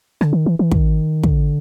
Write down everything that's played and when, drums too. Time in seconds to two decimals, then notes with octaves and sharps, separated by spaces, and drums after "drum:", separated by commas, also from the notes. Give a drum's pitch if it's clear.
0.21 D3, drum: rim click
0.33 D#3
0.46 E3
0.59 E3
0.71 D#3, drum: kick
1.23 D3, drum: kick